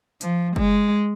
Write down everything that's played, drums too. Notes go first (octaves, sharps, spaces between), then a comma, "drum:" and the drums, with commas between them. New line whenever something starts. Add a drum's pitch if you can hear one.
F3, drum: hi-hat
G#3, drum: kick F#1